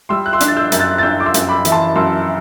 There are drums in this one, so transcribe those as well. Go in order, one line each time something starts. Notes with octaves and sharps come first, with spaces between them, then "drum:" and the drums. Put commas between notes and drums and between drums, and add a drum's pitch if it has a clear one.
G3 C6 E6
F#6
C6 E6
D4, drum: hi-hat
A6
E6 G6
F#2, drum: hi-hat
F#6 A6
A6
D4 E6 G6
D6
C6 E6
F#2, drum: hi-hat
B5 D6
E3, drum: hi-hat
A5 C6
F#2 C6 E6